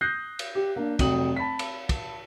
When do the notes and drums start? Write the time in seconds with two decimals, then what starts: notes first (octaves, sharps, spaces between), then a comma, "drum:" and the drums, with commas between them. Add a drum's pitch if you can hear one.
0.01 D#6 F#6 G6 A#6 C7
0.39 drum: cymbal
0.55 G4
0.76 A#3 D4
0.99 F1 F#3 G5 D#6 F#7, drum: kick, cymbal
1.36 A5 B5 B6
1.59 drum: cymbal
1.89 drum: kick, cymbal